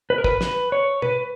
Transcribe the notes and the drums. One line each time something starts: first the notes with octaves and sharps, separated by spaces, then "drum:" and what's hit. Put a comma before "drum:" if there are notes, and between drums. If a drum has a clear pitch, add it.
B4
A#4
B4, drum: kick
B4, drum: snare
C#5
B4, drum: tom